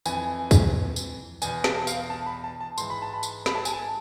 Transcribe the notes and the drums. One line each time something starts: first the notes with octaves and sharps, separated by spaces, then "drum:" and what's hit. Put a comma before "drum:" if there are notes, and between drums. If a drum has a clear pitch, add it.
F2 E3 G#5, drum: tambourine
drum: kick, tambourine
drum: tambourine
E2 B2 G#5, drum: tambourine
A5, drum: snare
F5, drum: tambourine
A5
B5
A5
A5
G#2 E3 C6, drum: tambourine
B5
A5
B5
drum: tambourine
B5, drum: snare
A5
G#5, drum: tambourine
A5